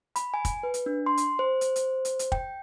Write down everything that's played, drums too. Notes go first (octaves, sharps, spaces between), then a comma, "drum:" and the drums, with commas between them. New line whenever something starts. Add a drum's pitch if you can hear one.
B5, drum: hi-hat
G#5
drum: kick, hi-hat
B4
drum: hi-hat
D4
C6
drum: hi-hat
C5
drum: hi-hat
drum: hi-hat
drum: hi-hat
drum: hi-hat
G5, drum: kick